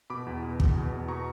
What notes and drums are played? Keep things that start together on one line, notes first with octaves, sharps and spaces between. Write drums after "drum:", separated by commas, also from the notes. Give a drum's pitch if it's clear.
B2 B5 D6
E2
B2
E2, drum: kick
B2
E2
B2 A#5 C#6